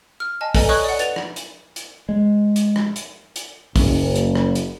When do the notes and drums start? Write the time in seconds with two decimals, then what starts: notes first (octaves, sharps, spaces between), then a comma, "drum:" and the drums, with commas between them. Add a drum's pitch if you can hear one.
0.20 F6
0.41 D#5 G#5 A5
0.55 A4 B4 D5 D#5 G#5 A#5, drum: kick, open hi-hat
0.69 C#5 D#5 C#6 D#6 F#6 G#6
0.84 D5 F#5
0.99 B4 A6 F7, drum: hi-hat
1.16 drum: rim click
1.36 drum: hi-hat
1.76 drum: hi-hat
2.09 G#3
2.56 drum: hi-hat
2.76 drum: rim click
2.96 drum: hi-hat
3.36 drum: hi-hat
3.76 F#1, drum: kick, open hi-hat
4.16 drum: hi-hat
4.35 drum: rim click
4.55 drum: hi-hat